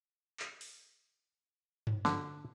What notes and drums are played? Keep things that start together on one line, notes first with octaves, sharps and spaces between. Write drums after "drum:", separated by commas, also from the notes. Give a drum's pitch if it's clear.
drum: clap
drum: open hi-hat
drum: tom G2
D3, drum: snare